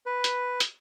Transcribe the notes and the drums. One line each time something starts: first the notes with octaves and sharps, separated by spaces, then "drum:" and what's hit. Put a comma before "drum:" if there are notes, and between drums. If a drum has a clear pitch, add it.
B4
drum: hi-hat
drum: hi-hat